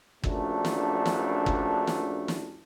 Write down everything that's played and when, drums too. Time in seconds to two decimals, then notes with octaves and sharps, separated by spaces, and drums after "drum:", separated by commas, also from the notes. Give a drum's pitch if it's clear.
0.24 A#1 F#2 A3 D4, drum: kick
0.65 drum: snare
1.05 drum: snare
1.46 drum: kick
1.87 drum: snare
2.28 drum: snare